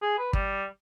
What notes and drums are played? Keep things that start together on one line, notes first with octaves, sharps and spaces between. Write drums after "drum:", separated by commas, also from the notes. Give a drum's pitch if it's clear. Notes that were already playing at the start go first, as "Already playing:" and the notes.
G#4
B4
G3, drum: kick